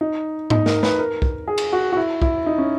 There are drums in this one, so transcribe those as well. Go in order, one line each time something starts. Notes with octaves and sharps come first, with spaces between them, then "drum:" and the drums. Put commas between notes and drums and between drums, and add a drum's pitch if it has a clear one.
D#4
D#4, drum: tom G#2
A#4, drum: snare
B4, drum: snare
A#4
drum: kick
G#4
drum: cymbal
F#4
F#4
E4
E4, drum: kick
D#4
C#4